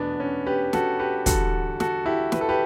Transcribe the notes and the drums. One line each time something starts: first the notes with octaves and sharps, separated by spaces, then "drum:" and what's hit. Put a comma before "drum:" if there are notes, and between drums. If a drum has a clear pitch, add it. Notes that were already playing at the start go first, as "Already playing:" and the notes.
Already playing: E2 B2 A3 B3 D4
C#4
G4 B4
F#4 A4, drum: snare
G4 B4
E2 D3 G3 F#4 A4, drum: kick, hi-hat
F#4 A4, drum: snare
E4 G4
B4, drum: snare
A4
G4 B4